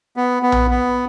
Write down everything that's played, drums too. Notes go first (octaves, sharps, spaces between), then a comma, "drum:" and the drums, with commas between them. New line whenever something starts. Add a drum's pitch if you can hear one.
B3
B3
drum: tom A#1
B3